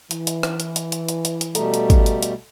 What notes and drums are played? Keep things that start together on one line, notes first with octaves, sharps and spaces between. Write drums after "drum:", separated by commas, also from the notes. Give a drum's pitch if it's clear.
E3, drum: hi-hat
drum: hi-hat
drum: rim click
drum: hi-hat
drum: hi-hat
drum: hi-hat
drum: hi-hat
drum: hi-hat
drum: hi-hat
B2 G3 A3 A4 A#5, drum: hi-hat
drum: hi-hat
drum: kick, hi-hat
drum: hi-hat
drum: hi-hat